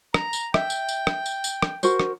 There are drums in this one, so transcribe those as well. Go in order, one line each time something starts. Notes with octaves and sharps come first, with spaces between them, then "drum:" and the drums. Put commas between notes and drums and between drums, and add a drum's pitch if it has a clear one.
A#5, drum: rim click
drum: tambourine
E5 G5, drum: rim click
drum: tambourine
drum: tambourine
drum: rim click
drum: tambourine
drum: tambourine
drum: rim click
F#4 A#4 C5, drum: tambourine
drum: rim click